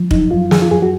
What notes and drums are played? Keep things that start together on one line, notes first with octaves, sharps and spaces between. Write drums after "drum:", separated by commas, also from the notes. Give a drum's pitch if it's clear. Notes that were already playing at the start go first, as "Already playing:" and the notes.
Already playing: F3
F#2 D#4, drum: kick
F#2 F4
F3 G#4, drum: snare
F4
F#2 G#4
F#4